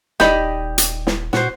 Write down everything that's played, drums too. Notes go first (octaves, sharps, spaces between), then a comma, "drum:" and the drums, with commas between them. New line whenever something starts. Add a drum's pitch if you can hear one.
D#1 D#4 G4 D5 D#5 B5, drum: snare
drum: hi-hat
drum: snare
A#2 F#4 C5, drum: snare